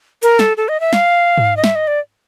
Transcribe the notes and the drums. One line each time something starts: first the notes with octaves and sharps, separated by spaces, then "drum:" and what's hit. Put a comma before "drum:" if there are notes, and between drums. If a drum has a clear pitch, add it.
A#4, drum: hi-hat
A4, drum: snare
A4
D#5
E5
F5, drum: snare
drum: tom G#2
D#5
E5, drum: snare
D#5
D5